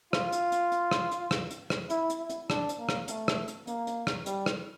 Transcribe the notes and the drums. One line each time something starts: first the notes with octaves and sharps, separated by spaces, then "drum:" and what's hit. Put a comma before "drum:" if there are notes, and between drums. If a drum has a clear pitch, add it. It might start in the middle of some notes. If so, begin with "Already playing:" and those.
F4, drum: rim click
drum: hi-hat
drum: hi-hat
drum: hi-hat
drum: rim click
drum: hi-hat
drum: rim click
drum: hi-hat
drum: rim click
E4, drum: hi-hat
drum: hi-hat
E4
drum: hi-hat
D4, drum: rim click
drum: hi-hat
A#3
drum: rim click
A3, drum: hi-hat
drum: rim click
drum: hi-hat
A#3, drum: hi-hat
drum: hi-hat
drum: rim click
G3, drum: hi-hat
drum: rim click